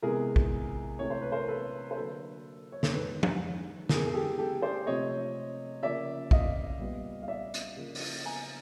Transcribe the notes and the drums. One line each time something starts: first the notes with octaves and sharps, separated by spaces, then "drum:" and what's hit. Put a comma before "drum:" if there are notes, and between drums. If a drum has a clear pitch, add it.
C3 E3 G#3 B3 G#4 A#4
drum: kick
C3 E3 A3 C4 C#5
C5
B4
A#4 C5
A4 B4
C5
D3 F#3 A#3 A4 B4
C#5
C5, drum: snare
D#3 G#3 B3 A4 B4
drum: tom F3
E3 G#3 B3 G#4 A#4, drum: snare
G#4
G4 A4
G4 A4
C5 D5
C3 F3 A3 C4 C#5 D#5
C#3 F3 A#3 D5 E5
D#5 F5, drum: kick
A#2 G3 B3
F5
D5 E5
drum: hi-hat
C#3 F3 A#3
drum: open hi-hat
G#5 A#5